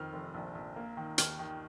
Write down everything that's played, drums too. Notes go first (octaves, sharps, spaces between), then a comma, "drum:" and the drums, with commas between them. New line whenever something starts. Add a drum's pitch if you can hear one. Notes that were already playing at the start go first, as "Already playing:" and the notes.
Already playing: F2 D#3 F6
F1
A#1
A#1
A#3
D#3
D#2 F6, drum: hi-hat
D#3